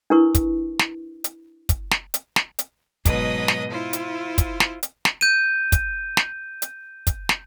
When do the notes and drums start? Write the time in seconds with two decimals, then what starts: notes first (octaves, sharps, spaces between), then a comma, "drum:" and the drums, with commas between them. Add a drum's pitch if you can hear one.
0.10 D4 E4 A#4 B4 C#6
0.35 drum: kick, hi-hat
0.79 drum: snare
1.24 drum: hi-hat
1.69 drum: kick, hi-hat
1.91 drum: snare
2.14 drum: hi-hat
2.36 drum: snare
2.59 drum: hi-hat
3.05 G#2 B2 F#3 B4 D#5 D#6, drum: kick, hi-hat
3.48 drum: snare
3.71 E4 F4 C5
3.93 drum: hi-hat
4.38 drum: kick, hi-hat
4.60 drum: snare
4.83 drum: hi-hat
5.05 drum: snare
5.21 G6 D#7
5.72 drum: kick, hi-hat
6.17 drum: snare
6.62 drum: hi-hat
7.07 drum: kick, hi-hat
7.29 drum: snare